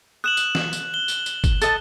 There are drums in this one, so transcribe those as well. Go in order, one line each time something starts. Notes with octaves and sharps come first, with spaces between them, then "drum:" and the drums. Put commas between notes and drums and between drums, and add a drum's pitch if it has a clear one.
D#6 F#6 E7 F#7
drum: tambourine
drum: snare
drum: tambourine
G7
drum: tambourine
drum: tambourine
drum: kick, tambourine
A4 D#5 A5, drum: tambourine